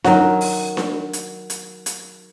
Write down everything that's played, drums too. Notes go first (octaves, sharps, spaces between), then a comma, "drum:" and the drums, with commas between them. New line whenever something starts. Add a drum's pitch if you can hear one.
D#3 F#3, drum: snare D4
drum: open hi-hat
drum: snare D4
drum: hi-hat
drum: hi-hat
drum: hi-hat